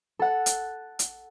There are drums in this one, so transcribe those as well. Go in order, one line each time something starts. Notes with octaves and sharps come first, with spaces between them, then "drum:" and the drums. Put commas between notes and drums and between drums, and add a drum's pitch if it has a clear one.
A4 F#5
drum: hi-hat
drum: hi-hat